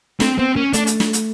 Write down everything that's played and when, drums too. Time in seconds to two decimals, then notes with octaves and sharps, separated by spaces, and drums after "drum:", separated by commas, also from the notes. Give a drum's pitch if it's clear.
0.20 A3 C4, drum: snare
0.38 B3 C4
0.56 A#3 C#4
0.73 A3 D4, drum: hi-hat
0.87 drum: hi-hat
1.00 drum: snare
1.13 drum: hi-hat